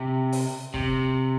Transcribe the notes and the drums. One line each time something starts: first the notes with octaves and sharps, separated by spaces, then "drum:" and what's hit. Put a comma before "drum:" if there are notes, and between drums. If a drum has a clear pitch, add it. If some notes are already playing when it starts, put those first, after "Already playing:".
Already playing: C3
drum: open hi-hat
C3, drum: kick